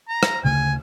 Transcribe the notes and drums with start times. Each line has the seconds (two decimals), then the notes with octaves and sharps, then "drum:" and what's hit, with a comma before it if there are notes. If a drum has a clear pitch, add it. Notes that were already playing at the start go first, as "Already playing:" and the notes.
0.09 A#5
0.23 drum: rim click
0.45 D2 C#3 A3 G#5